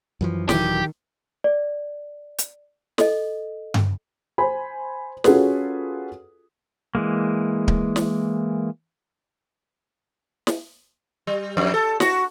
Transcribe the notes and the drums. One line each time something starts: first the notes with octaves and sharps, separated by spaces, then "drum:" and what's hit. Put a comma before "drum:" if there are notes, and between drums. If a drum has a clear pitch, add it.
F#2 E3 F3
D#1 D#3 E3 F#3 G4 A4, drum: snare
D5
drum: hi-hat
A4 D#5, drum: snare
drum: tom G2
C5 G#5 B5
C#4 F4 F#4 G#4 A4 B4, drum: snare
E3 G#3 A#3
drum: kick D1
drum: snare
drum: snare
G3
F2
A4
F#4, drum: snare